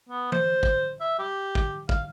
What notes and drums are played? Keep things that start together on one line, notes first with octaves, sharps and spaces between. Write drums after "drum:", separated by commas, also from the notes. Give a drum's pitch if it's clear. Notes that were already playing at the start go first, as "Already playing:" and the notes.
B3
C5, drum: tom
drum: kick
E5
G4
drum: kick
F5, drum: kick